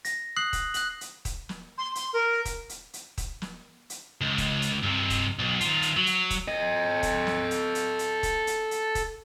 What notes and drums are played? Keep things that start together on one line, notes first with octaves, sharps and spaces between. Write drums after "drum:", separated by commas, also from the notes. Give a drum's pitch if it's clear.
A#6, drum: hi-hat
D#6 F#6 C7 F#7
drum: kick D#1, hi-hat
F#6 F#7, drum: hi-hat
drum: hi-hat
drum: kick D#1, hi-hat
drum: snare
C6
C6, drum: hi-hat
A#4
drum: kick D#1, hi-hat
drum: hi-hat
drum: hi-hat
drum: kick D#1, hi-hat
drum: snare
drum: hi-hat
C#2
drum: kick D#1, hi-hat
drum: hi-hat
G2 C3
drum: kick D#1, hi-hat
B1
D#3 F4, drum: hi-hat
drum: hi-hat
F#3
drum: hi-hat
drum: kick D#1, hi-hat
A4 D#5
drum: kick D#1, hi-hat
drum: snare
drum: hi-hat
drum: hi-hat
drum: hi-hat
drum: kick D#1, hi-hat
drum: hi-hat
drum: hi-hat
drum: kick D#1, hi-hat